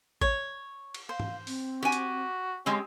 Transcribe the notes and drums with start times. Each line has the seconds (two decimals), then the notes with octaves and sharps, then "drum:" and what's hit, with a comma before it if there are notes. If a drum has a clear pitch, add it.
0.21 C#5, drum: kick
0.94 drum: cymbal
1.09 C5 F5
1.20 drum: tom
1.47 C4, drum: open hi-hat
1.83 F#4 G4 G#5
1.92 drum: hi-hat
2.66 G#3 C4 C#4 G4